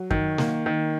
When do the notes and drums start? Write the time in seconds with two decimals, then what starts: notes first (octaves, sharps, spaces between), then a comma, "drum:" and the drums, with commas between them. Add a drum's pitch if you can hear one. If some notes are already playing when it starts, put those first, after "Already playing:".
Already playing: F#3
0.11 D#3, drum: kick F#2
0.38 A#3, drum: snare
0.66 D#3